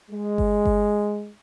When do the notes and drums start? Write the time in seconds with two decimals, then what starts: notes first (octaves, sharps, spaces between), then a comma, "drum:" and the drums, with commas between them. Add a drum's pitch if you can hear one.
0.11 G#3
0.38 drum: kick G1
0.65 drum: kick G1